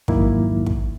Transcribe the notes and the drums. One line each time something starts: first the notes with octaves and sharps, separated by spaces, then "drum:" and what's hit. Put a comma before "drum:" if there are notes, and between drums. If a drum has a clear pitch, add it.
F2 G#2 D#3 F#3 A#3 E4, drum: kick
drum: kick